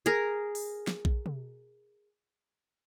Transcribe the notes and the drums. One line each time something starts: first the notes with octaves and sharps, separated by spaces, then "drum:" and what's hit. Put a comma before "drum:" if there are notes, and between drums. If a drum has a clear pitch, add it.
G#4 A#4, drum: hi-hat
drum: open hi-hat
drum: snare
drum: kick A#1
drum: tom